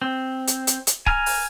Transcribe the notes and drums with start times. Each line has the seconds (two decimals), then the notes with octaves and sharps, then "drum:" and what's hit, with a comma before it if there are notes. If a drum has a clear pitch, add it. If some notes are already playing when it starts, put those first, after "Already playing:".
0.02 C4
0.47 drum: hi-hat
0.67 drum: hi-hat
0.87 drum: hi-hat
1.06 G#5 A#5 F6, drum: kick C#1
1.26 drum: open hi-hat